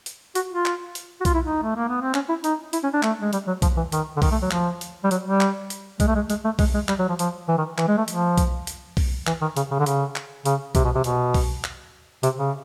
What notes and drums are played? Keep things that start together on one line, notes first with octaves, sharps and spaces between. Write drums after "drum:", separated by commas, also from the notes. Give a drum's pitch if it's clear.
drum: hi-hat
F#4, drum: hi-hat
F4
drum: clap
drum: hi-hat
F#4
F4, drum: kick B1, hi-hat
E4
D#4
A3
A#3
B3
C4
C#4, drum: clap
E4
D#4, drum: hi-hat
E4, drum: hi-hat
C#4
D4
A3, drum: clap
G#3
G3, drum: hi-hat
F#3
F3, drum: kick B1, hi-hat
E3
D#3, drum: hi-hat
D3
D#3, drum: kick B1, open hi-hat
A3
F#3
F3, drum: clap
drum: hi-hat
G3
F#3, drum: hi-hat
G3
drum: clap
drum: hi-hat
G#3, drum: kick B1, hi-hat
A3
G#3
G#3, drum: hi-hat
A3
G#3, drum: kick B1, open hi-hat
G#3
G3, drum: clap
F#3
F3
F3, drum: hi-hat
E3
D#3
E3, drum: clap
G#3
A3
F3, drum: hi-hat
drum: kick B1, hi-hat
drum: hi-hat
drum: kick B1, open hi-hat
E3, drum: clap
D#3
C#3, drum: hi-hat
C#3
D3
C#3, drum: hi-hat
drum: clap
C#3, drum: hi-hat
C3, drum: kick B1, hi-hat
B2
C3
B2, drum: hi-hat
drum: kick B1, open hi-hat
drum: clap
C3, drum: hi-hat
C#3